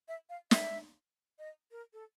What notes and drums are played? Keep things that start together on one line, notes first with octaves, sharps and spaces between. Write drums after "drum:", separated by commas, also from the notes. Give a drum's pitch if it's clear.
E5
F5
E5, drum: snare
D#5
A#4
A4